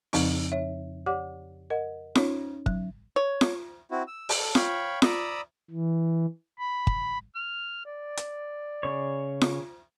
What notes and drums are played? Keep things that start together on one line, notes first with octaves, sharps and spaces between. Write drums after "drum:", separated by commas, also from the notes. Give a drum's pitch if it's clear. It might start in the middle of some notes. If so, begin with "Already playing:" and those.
F2 C#3 F3 C4 D#4, drum: open hi-hat
C#5 E5
G4 C#5 D5 F#5 D6
A#4 D#5 F#5
C#4 D#4 C#5, drum: snare F4
F#3, drum: kick
C#5
drum: snare F4
C4 E4 F#4
E6
drum: open hi-hat
A4
C#5 F5 G5 B5 C#6, drum: snare F4
D5 A#5 B5 D#6 E6, drum: snare F4
E3
B5
drum: kick
F6
D5
drum: hi-hat
C#3 C#5
drum: snare F4